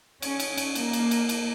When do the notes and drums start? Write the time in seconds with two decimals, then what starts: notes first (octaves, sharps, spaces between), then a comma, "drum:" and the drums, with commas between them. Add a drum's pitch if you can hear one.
0.22 C#4, drum: cymbal
0.40 drum: cymbal
0.57 drum: cymbal
0.75 A#3, drum: cymbal
0.93 drum: cymbal
1.11 drum: cymbal
1.29 drum: cymbal